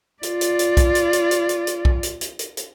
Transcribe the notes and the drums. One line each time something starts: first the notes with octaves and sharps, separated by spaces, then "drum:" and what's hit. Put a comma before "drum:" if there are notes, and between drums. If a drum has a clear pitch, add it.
F4 D5, drum: hi-hat
drum: hi-hat
drum: hi-hat
drum: kick B1, hi-hat
drum: hi-hat
drum: hi-hat
drum: hi-hat
drum: hi-hat
drum: hi-hat
drum: kick B1
drum: hi-hat
drum: hi-hat
drum: hi-hat
drum: hi-hat